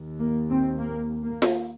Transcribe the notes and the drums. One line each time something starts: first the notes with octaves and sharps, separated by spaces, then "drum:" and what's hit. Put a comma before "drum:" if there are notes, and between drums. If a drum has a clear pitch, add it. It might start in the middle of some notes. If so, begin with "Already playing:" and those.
Already playing: D#2
A#3
C4
A#3
A#3
drum: snare F4